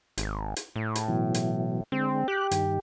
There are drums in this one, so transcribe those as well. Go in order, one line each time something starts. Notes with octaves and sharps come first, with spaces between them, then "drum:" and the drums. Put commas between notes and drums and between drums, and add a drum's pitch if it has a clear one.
G#1, drum: hi-hat
drum: hi-hat
A2
drum: hi-hat
B2 E3 F#3
drum: hi-hat
D3 G#3 C4
G4 F#6
G2 D#3, drum: hi-hat